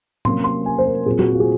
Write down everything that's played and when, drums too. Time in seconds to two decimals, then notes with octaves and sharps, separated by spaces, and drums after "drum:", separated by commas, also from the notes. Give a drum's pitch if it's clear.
0.25 C3 F#3 A#3 C#4 C6, drum: tom A2
0.44 C6
0.66 G#5
0.79 C5
0.86 A#4
1.06 A#2 F#3 C4 G#4
1.19 F#4, drum: tom F#3
1.33 F4
1.40 G#4